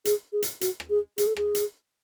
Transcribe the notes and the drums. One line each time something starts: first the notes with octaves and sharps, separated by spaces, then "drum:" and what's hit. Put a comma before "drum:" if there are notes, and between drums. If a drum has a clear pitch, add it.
G#4, drum: hi-hat
G#4
drum: hi-hat
F#4, drum: hi-hat
drum: rim click
G#4
G#4, drum: hi-hat
A4
G#4, drum: rim click
drum: hi-hat